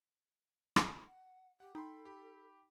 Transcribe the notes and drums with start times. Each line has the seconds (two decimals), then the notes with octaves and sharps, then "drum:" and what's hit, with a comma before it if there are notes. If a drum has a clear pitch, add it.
0.76 drum: rim click
1.07 F#5
1.60 G4 F#5
1.75 D#4 A4 G5 B5 C6
2.05 G4 B5